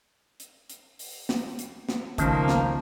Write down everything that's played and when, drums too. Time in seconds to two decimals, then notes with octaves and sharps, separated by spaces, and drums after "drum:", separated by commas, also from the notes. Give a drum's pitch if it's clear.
0.40 drum: hi-hat
0.70 drum: hi-hat
0.99 drum: open hi-hat
1.29 drum: snare
1.59 drum: hi-hat
1.89 drum: snare
2.18 C#2 D#3 F3 A3 A#3 C#4 A5, drum: kick, hi-hat
2.48 drum: snare